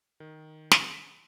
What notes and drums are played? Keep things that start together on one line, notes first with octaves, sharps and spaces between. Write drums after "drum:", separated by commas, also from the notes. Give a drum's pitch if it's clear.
D#3
drum: snare